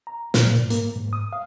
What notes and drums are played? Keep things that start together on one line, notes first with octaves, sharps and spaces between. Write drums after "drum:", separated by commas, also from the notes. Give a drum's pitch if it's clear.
A#5
A#2, drum: snare
G#2
A#3, drum: hi-hat
G#2
D#6
F5